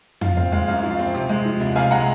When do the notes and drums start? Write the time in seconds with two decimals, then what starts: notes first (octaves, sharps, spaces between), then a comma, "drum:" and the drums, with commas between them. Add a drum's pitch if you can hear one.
0.21 F3 F5, drum: tom
0.37 C4 F5
0.52 G#3 F5
0.68 F#2 F5
0.83 F3
0.90 F5
0.99 C4
1.14 C3
1.29 G#3
1.45 F3
1.60 C2
1.76 C3 F5 G#5
1.91 G#3 F#5 A#5